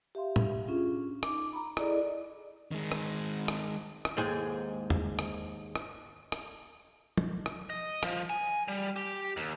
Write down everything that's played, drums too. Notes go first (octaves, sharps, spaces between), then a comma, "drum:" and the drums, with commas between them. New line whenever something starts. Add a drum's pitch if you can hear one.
G4 E5 F5 C6
drum: tom
C#4 D4 F4 G#4
D#4 D6, drum: rim click
A#5 B5
E4 G#4 A4 D5 D#5, drum: rim click
D#3 G#3
drum: rim click
drum: rim click
drum: rim click
D#2 G#2 G#4
drum: tom E2
drum: rim click
drum: rim click
drum: rim click
drum: tom
drum: rim click
D#5
F3, drum: rim click
G#5
G3
G4
D#2